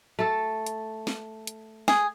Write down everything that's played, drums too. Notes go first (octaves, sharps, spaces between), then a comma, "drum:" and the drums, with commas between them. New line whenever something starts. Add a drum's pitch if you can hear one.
A3 A4
drum: hi-hat
drum: snare
drum: hi-hat
G#4, drum: snare